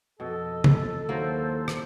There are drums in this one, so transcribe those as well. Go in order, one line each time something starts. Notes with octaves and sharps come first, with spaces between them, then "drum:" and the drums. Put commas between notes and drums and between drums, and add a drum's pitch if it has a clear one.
F2 B2 A4 D#5
drum: tom
D#2 F#3 A#3 E4 C5
drum: rim click